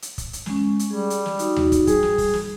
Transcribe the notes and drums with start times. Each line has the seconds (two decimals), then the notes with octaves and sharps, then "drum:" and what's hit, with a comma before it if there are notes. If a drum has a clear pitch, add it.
0.02 drum: hi-hat
0.18 drum: kick, hi-hat
0.33 drum: hi-hat
0.46 G#3 C#4, drum: snare
0.79 drum: hi-hat
0.91 G3 G#4
1.10 drum: hi-hat
1.26 drum: snare
1.39 D#4 F#4, drum: hi-hat
1.56 drum: tom D#2
1.72 drum: kick, hi-hat
1.87 G3 G#4, drum: kick, hi-hat
2.03 drum: snare
2.18 drum: kick, open hi-hat
2.33 drum: snare